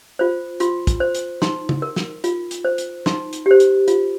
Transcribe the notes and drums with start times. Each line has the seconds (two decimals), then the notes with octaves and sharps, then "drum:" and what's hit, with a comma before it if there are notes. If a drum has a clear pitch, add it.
0.19 F4 C5
0.60 F4 C6, drum: hi-hat
0.87 drum: kick, hi-hat
1.00 C5
1.15 drum: hi-hat
1.42 D#4 C6, drum: snare
1.69 drum: tom
1.82 A#4
1.96 drum: snare
2.24 F4, drum: hi-hat
2.51 drum: hi-hat
2.65 C5
2.78 drum: hi-hat
3.06 D#4 C6, drum: snare
3.33 drum: hi-hat
3.46 G4 C5
3.60 drum: hi-hat
3.88 F4, drum: hi-hat